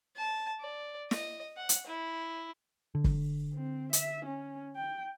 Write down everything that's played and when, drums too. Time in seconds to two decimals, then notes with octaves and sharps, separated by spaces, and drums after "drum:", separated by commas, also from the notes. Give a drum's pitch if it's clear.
0.17 A5
0.61 D5
1.11 D#5, drum: snare
1.57 F#5
1.69 drum: hi-hat
1.86 E4
2.95 D3
3.04 drum: kick F#1
3.54 C4
3.93 E5, drum: hi-hat
4.26 C#4
4.76 G5